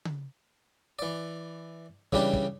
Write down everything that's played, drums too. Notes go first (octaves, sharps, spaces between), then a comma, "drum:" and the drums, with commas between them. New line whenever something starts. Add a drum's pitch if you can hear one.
drum: tom C#3
E3 D5
C#3 E3 G3 D4 G4, drum: kick
drum: kick